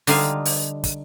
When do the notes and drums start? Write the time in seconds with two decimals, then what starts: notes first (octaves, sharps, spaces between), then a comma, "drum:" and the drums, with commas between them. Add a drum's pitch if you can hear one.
0.07 D3 G3 D#4 F4 F5 G#5, drum: open hi-hat
0.45 drum: open hi-hat
0.84 drum: kick, hi-hat